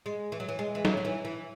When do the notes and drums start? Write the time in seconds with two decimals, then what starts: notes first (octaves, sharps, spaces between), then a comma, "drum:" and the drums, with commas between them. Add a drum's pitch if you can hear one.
0.06 G#3
0.32 E3
0.40 F#3
0.49 E3
0.59 G#3
0.75 E3
0.85 F#3, drum: snare
0.97 F#3
1.05 E3
1.25 E3